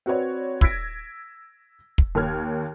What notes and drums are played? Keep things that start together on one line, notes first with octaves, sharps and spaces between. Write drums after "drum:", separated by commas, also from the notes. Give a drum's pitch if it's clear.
C4 F#4 B4 C#5 D5
E6 G#6 A#6 B6 D7, drum: kick
drum: kick
D#2 A#4 C#5 F6 G#6